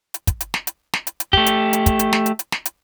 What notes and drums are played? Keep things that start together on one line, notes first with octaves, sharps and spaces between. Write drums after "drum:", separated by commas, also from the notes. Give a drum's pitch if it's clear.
drum: hi-hat
drum: kick, hi-hat
drum: hi-hat
drum: snare
drum: hi-hat
drum: snare
drum: hi-hat
drum: hi-hat
A3 G4, drum: kick
drum: hi-hat
drum: hi-hat
drum: kick, hi-hat
drum: hi-hat
drum: snare
drum: hi-hat
drum: hi-hat
drum: snare
drum: hi-hat